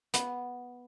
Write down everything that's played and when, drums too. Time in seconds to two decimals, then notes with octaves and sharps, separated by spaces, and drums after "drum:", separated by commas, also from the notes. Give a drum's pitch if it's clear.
0.14 B3, drum: hi-hat